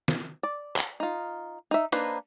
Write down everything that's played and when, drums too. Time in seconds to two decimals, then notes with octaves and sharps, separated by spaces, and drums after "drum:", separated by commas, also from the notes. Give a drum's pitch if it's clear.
0.08 drum: snare
0.43 D5
0.76 drum: clap
1.00 D#4 F4
1.71 D#4 E5
1.92 A#3 D4 D#4 B4 C5, drum: hi-hat